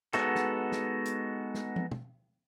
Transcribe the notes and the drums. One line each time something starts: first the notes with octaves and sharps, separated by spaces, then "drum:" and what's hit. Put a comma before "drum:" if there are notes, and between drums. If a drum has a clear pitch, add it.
G#3 B3 D#4 F#4 A4, drum: clap
drum: snare
drum: snare
drum: hi-hat
drum: snare
drum: tom
drum: tom